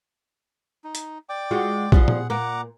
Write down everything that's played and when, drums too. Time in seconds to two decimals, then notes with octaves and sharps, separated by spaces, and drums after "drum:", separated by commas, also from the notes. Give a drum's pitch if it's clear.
0.84 D#4
0.95 drum: hi-hat
1.29 D5 G5 D6
1.51 G#3 F4 F#4
1.92 F3 G3 F4 G#4 F#5, drum: kick A#1
2.08 drum: tom A#2
2.30 A#2 A#3 F#5 A#5 D6